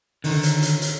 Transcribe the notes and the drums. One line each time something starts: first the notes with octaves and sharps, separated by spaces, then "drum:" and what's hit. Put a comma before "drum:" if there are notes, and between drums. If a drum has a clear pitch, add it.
D3 D#3, drum: open hi-hat
drum: hi-hat
drum: hi-hat
drum: hi-hat